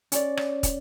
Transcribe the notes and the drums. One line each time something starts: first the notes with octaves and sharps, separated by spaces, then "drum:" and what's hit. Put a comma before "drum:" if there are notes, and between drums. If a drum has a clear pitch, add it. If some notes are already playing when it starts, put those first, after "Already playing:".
C#4 D5, drum: hi-hat
drum: rim click
drum: kick, hi-hat